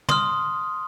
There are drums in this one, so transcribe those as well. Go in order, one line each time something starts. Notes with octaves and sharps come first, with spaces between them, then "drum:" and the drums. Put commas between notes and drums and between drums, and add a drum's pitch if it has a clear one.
C6 D#6 F6, drum: tom